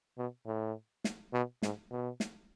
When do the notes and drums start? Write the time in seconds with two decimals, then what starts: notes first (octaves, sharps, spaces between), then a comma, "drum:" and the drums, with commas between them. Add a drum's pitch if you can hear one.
0.18 B2
0.46 A2
1.04 drum: snare
1.33 B2
1.62 G#2, drum: snare
1.91 B2
2.20 drum: snare